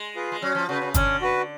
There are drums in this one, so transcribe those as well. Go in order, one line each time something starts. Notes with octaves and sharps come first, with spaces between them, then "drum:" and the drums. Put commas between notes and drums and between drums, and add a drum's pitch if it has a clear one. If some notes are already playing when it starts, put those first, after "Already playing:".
Already playing: G#3
F4 G#4 B4
G#3
F#3 C#4
F3
C#3 F#4 B4
C#3
D3 C#4, drum: kick, hi-hat
F#4 B4